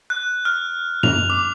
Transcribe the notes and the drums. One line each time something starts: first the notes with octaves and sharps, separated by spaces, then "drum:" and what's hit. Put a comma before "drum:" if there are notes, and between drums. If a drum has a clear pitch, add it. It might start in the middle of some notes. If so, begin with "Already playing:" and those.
F#6
F6
F7, drum: tom F#2
D6